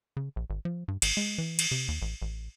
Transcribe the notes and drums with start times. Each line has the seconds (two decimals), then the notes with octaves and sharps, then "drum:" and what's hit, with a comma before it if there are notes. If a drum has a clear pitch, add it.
0.17 C#3
0.36 A#1
0.50 G#1
0.65 F3
0.88 G2
1.02 G#1, drum: cymbal
1.17 G#3
1.38 E3
1.59 drum: cymbal
1.71 C3
1.88 D#2
2.02 A1
2.22 A1